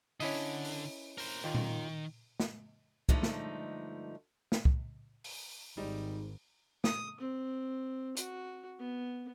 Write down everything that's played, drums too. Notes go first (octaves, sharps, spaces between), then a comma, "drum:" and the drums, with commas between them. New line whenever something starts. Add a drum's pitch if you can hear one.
D3 C#4 E4 D#5, drum: open hi-hat
drum: open hi-hat
A#4 C5, drum: open hi-hat
D#2 A#2 D#3
drum: tom A#2
drum: snare
G2 D3 F3 G#3 A3 D#4, drum: kick C2
drum: snare
drum: snare
drum: kick C2
drum: open hi-hat
G#1 G#2 G3 D#4
D#6, drum: snare
C4
F#4, drum: hi-hat
B3